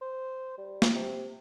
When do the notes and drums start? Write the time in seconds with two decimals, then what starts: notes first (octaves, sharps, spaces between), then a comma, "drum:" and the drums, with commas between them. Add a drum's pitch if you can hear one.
0.02 C5
0.58 G3
0.82 drum: snare
0.95 C3